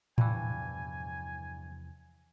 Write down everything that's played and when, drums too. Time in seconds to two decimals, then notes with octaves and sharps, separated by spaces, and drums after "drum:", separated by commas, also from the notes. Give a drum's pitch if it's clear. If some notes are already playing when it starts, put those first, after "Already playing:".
0.18 E2 G2 C3 E3 F3 G#5, drum: tom A2